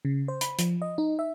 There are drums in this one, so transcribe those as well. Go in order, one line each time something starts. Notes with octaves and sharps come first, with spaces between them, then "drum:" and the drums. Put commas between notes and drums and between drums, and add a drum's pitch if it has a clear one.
C#3
C5
B5, drum: hi-hat
F3, drum: hi-hat
D#5
D#4
E5